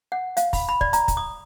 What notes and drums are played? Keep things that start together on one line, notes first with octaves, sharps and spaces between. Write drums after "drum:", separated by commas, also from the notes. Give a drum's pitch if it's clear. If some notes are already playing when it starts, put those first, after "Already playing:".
F#5
F5, drum: hi-hat
B5, drum: kick, open hi-hat
B5
D5, drum: kick
A#5, drum: hi-hat
drum: kick, hi-hat
D#6